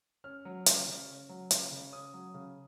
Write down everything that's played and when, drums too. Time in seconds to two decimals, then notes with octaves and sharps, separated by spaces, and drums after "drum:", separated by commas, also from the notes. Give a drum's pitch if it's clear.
0.24 C#4 F6
0.45 F#3
0.66 C#3, drum: hi-hat
0.87 C#3
1.08 C#4
1.29 F#3
1.51 C#3, drum: hi-hat
1.71 C#3
1.92 C#4 D#6
2.14 F#3
2.34 C#3